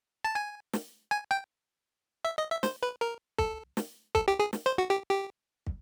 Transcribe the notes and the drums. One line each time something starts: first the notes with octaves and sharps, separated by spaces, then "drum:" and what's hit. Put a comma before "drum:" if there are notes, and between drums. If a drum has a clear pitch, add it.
A5
G#5
drum: snare
G#5
G5
E5
D#5
E5
C5, drum: snare
B4
A#4
A4, drum: kick
drum: snare
A4, drum: kick
G4
G#4
drum: snare
C5
F#4
G4
G4
drum: kick